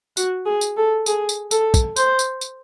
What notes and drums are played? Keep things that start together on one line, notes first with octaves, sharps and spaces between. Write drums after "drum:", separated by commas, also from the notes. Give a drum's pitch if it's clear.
F#4, drum: tambourine
G#4
drum: tambourine
A4
G#4, drum: tambourine
drum: tambourine
A4, drum: tambourine
drum: kick, tambourine
C5, drum: tambourine
drum: tambourine
drum: tambourine